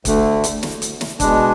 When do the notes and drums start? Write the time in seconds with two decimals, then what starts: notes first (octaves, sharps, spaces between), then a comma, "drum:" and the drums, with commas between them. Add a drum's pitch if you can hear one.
0.05 D2 D3 A3, drum: kick, hi-hat
0.44 drum: hi-hat
0.63 drum: snare
0.82 drum: hi-hat
1.01 drum: snare
1.20 B2 G#3 D4, drum: kick, hi-hat